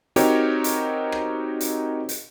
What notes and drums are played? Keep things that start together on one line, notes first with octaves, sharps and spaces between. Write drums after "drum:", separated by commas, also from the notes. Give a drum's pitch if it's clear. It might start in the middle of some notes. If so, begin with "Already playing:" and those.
C4 D#4 F#4 G4 A#4 C#5, drum: hi-hat
drum: hi-hat
drum: rim click
drum: hi-hat
drum: hi-hat